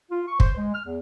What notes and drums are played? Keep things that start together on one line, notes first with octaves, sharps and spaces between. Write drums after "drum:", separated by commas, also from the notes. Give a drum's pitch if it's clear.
F4
C#6
C5, drum: kick
G#3
F6
E2